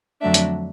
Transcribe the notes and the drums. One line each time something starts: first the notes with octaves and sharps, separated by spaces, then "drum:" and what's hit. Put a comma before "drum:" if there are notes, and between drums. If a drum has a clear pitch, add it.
F2 D3 F#3 A3 D4 E5
drum: hi-hat